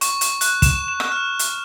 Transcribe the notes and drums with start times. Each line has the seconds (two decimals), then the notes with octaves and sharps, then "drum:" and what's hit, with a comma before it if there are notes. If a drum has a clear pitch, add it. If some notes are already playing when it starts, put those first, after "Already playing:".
0.01 C#6, drum: hi-hat
0.21 drum: hi-hat
0.41 F#6, drum: hi-hat
0.62 E7, drum: kick, hi-hat
0.88 E7
1.00 drum: rim click
1.12 F6
1.39 drum: hi-hat